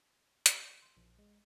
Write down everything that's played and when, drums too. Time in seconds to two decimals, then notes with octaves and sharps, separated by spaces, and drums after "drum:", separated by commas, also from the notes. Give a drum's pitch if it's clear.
0.46 G4, drum: hi-hat
0.61 G6
0.82 C6
0.97 A#1
1.19 G#3